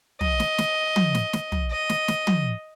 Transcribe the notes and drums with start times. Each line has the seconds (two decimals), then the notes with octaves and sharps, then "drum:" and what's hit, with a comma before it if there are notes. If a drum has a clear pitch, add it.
0.21 D#5, drum: tom
0.40 drum: snare
0.58 drum: snare
0.96 drum: tom
1.15 drum: snare
1.33 drum: snare
1.52 drum: tom
1.71 D#5
1.89 drum: snare
2.08 drum: snare
2.27 drum: tom